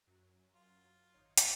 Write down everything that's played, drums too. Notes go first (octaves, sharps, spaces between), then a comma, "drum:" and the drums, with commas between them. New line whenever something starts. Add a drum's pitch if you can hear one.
F#2 F#3
F4
G#1 D#4 C#5
E2 G#2, drum: hi-hat